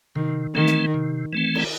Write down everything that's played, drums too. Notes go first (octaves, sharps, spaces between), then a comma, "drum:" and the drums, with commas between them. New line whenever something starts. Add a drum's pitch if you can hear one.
C3 D#3
D#3 E3 A3 C4
drum: snare
C3
E3 A3 C4
drum: cymbal